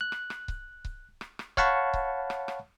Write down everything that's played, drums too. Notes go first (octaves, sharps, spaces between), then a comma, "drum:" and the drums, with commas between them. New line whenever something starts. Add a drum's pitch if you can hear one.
F#6
drum: rim click
drum: rim click
drum: kick C#1
drum: kick C#1
drum: rim click
drum: rim click
C#5 F5 F#5 A5 B5 C#6, drum: kick C#1
drum: kick C#1
drum: rim click
drum: rim click